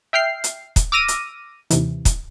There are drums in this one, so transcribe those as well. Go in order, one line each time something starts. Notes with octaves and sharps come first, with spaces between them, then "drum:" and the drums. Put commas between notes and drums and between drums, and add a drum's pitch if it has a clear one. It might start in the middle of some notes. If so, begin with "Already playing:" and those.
E5 G5 F6 C7
drum: hi-hat
drum: kick, hi-hat
D6 E6 F6 A#6 D#7
drum: hi-hat
D#2 C3 E3, drum: hi-hat
drum: kick, hi-hat